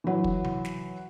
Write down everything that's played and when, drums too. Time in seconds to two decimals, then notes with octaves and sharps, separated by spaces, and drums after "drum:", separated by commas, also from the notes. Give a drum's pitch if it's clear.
0.04 E3 F#3
0.24 drum: kick
0.44 drum: tom C3
0.65 drum: snare